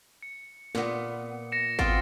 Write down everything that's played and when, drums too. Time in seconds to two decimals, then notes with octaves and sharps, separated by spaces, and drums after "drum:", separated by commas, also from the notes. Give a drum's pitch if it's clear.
0.23 C#7
0.75 A#2 B3, drum: snare
1.52 A#6 C#7 E7
1.79 B3 C4 F4 A6 C7 D7, drum: kick